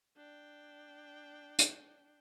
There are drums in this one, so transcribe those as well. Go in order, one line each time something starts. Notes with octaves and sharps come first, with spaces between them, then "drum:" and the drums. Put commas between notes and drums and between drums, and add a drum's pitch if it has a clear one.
D4 G5
drum: hi-hat